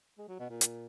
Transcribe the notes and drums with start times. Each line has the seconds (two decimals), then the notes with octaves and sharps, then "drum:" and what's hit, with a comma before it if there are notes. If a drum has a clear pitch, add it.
0.18 G#3
0.29 F#3
0.39 B2
0.50 A#2
0.61 drum: hi-hat